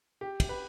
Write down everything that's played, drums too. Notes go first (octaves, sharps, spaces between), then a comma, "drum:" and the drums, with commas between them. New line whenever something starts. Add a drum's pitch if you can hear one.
G4
drum: kick, cymbal
B4